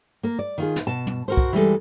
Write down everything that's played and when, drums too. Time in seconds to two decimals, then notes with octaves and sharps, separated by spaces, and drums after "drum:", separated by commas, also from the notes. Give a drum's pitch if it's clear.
0.23 A#3 A#4
0.39 D5
0.58 D#3 F4 G#4
0.76 drum: snare
0.87 B2 A5
1.07 drum: tom
1.28 F#4 A#4 C5
1.37 drum: kick
1.53 E3 G3 G#3 A4